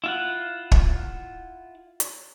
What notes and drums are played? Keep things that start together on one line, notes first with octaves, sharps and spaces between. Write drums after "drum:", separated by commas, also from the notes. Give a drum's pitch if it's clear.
E4 F4 F#5
drum: kick
drum: hi-hat